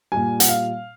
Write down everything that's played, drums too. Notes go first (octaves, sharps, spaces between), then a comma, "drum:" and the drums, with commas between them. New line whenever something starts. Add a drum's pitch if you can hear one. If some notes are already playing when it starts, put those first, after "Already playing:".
A#2 G3 G#5
F#5, drum: hi-hat
F5